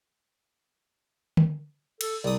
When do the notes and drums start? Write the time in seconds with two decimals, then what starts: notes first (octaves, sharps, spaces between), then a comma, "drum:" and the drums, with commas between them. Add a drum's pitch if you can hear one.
1.37 drum: tom D3
2.01 A4, drum: cymbal
2.24 C2 D5 D#6